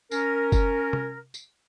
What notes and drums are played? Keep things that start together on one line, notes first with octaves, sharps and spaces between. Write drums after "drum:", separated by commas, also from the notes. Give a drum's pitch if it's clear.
C#4 A#4, drum: tambourine
drum: kick F#1, tambourine
drum: tom C3
drum: tambourine